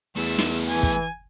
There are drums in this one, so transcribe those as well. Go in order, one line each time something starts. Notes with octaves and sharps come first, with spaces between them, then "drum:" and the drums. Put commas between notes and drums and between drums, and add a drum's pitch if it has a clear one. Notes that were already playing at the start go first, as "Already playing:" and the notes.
E2 A3 G#4 E6
drum: snare
E3 G#5
drum: kick